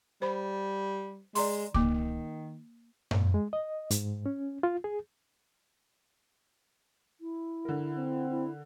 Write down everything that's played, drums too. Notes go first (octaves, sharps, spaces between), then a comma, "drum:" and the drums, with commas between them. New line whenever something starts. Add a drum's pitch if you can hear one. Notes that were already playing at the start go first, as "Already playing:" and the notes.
G3 C5 B5
G#3 D5 A#5 C6, drum: open hi-hat
D#3 A#3 D6, drum: kick C#2
A#2, drum: tom F#2
G#3
D#5
G#2, drum: hi-hat
C#4
F4
G#4
E4
D3 A#4
C4
E4